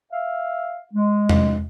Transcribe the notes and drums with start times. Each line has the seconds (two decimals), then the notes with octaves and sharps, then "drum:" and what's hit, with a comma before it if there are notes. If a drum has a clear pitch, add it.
0.12 E5 F5
0.94 G#3
1.29 drum: tom